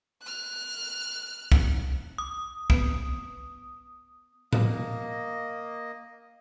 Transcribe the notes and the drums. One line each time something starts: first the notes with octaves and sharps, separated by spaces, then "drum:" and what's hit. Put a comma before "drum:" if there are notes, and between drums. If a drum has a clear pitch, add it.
F6 F#6
drum: kick
D6 D#6
B3 B4, drum: kick
A#3 D#5, drum: tom A2